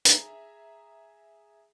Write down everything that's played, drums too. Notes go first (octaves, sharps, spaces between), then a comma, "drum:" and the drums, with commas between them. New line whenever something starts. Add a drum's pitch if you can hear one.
G#4 E5 A#5, drum: hi-hat